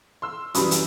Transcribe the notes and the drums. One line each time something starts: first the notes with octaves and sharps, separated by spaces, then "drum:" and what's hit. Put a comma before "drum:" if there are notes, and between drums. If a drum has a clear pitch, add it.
C6 E6
F#2 E3 G3 B5 D#6, drum: hi-hat
drum: hi-hat